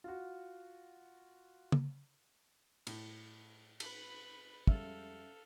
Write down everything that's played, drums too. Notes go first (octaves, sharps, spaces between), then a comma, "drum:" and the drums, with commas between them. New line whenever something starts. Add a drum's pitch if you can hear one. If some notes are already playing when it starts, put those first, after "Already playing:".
F4 F#4
drum: tom
A2, drum: cymbal
B4 B5, drum: cymbal
F2 G3 G#3 C#4 A4 E5 F5, drum: kick